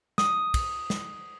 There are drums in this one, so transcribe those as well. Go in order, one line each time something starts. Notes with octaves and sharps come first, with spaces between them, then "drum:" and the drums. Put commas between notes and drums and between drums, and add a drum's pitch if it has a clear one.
D#6, drum: snare
drum: kick, cymbal
drum: snare